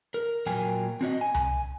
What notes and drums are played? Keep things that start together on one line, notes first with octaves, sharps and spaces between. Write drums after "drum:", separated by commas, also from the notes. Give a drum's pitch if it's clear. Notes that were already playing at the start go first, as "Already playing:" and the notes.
A#4
A#2 F#3 A#4 G5 G#5
C4 F#4 C#5 D#5
G#5
drum: tom C2